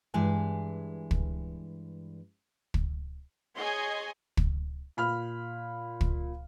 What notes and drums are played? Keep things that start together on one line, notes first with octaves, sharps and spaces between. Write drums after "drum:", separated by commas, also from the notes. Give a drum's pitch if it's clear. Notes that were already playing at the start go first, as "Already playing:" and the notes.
G2 E3 G#3 G#5
drum: kick
drum: kick
G#4 C#5 D#5 G#5 C6
drum: kick
A#2 B5 F6
drum: kick